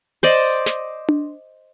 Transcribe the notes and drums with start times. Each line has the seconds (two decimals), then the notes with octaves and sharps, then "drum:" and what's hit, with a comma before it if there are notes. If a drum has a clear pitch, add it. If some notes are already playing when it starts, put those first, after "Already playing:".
0.23 C5 D5 D#5, drum: open hi-hat
0.66 drum: snare
1.09 drum: tom D4